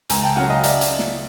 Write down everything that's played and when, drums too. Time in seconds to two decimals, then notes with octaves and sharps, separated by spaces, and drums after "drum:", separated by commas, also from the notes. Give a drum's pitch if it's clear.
0.09 C#2 G#5 A#5, drum: hi-hat
0.23 G5 A5
0.36 C#3 F#3 F#5 G#5
0.50 D#5 F5
0.63 D5 E5, drum: hi-hat
0.81 drum: hi-hat
0.99 drum: snare